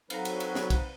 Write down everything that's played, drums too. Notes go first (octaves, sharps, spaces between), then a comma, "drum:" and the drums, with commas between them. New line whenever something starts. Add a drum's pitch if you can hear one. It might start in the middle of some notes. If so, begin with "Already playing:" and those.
F#3 C4 D#4 A4 B4 F5 F#5 A#5, drum: cymbal
drum: cymbal
drum: cymbal
drum: snare
drum: kick, cymbal